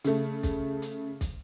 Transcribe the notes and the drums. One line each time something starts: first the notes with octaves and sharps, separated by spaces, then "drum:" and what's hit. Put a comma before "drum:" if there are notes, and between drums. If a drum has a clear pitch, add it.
C#3 A3, drum: hi-hat
drum: kick, hi-hat
drum: hi-hat
drum: kick, hi-hat